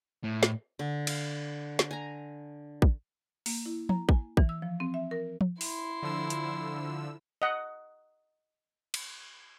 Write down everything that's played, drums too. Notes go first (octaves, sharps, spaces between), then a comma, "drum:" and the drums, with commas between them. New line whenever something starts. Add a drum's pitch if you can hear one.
A2
drum: snare
D3
F5, drum: cymbal
drum: snare
G#5 A#5
drum: kick
A#3, drum: open hi-hat
E4
A#5, drum: tom F3
G#5, drum: kick
E3, drum: kick
E6
F3
C4
E5
A#4
drum: tom F3
E4 C6, drum: open hi-hat
D3 F3 E6
drum: hi-hat
D#5 F#5
drum: cymbal